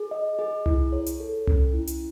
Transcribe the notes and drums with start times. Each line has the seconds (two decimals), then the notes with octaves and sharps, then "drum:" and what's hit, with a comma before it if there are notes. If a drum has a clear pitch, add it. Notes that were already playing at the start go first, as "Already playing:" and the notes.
Already playing: G#4
0.11 D#5
0.39 G#4
0.66 E4, drum: tom C2
0.93 C#5
1.06 drum: hi-hat
1.20 A4
1.47 C#4, drum: tom C2
1.73 E4
1.87 drum: hi-hat